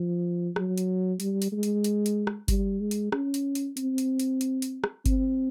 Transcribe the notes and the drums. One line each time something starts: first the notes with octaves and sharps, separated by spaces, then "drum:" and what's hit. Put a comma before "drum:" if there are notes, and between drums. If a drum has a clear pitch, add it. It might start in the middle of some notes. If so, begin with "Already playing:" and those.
Already playing: F3
F#3, drum: rim click
drum: hi-hat
G3, drum: hi-hat
drum: hi-hat
G#3
drum: hi-hat
drum: hi-hat
drum: hi-hat
drum: rim click
G3, drum: kick G1, hi-hat
G#3
drum: hi-hat
C#4, drum: rim click
drum: hi-hat
drum: hi-hat
C4, drum: hi-hat
drum: hi-hat
drum: hi-hat
drum: hi-hat
drum: hi-hat
drum: rim click
C4, drum: kick G1, hi-hat